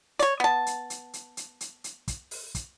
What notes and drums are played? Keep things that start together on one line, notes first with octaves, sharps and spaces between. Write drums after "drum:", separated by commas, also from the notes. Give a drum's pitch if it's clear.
C#5 D5, drum: hi-hat
B3 A5
drum: hi-hat
drum: hi-hat
drum: hi-hat
drum: hi-hat
drum: hi-hat
drum: hi-hat
drum: kick, hi-hat
drum: open hi-hat
drum: kick, hi-hat